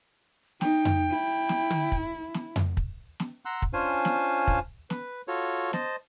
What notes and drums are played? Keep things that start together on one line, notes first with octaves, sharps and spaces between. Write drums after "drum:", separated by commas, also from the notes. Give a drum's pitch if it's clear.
D#4 G5, drum: snare
drum: tom F2
E4
drum: snare
drum: tom D3
drum: kick
drum: snare
drum: tom F2
drum: kick
drum: snare
F#5 A#5 C6 E6 F#6
drum: kick
C#4 D4 F4 C5 F5 G#5
drum: snare
drum: kick
B4, drum: snare
F4 F#4 A4 C#5
C5 D#5 A5, drum: snare